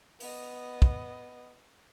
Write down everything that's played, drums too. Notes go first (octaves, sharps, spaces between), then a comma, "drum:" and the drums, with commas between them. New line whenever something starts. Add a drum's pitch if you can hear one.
B3 D#5, drum: open hi-hat
drum: kick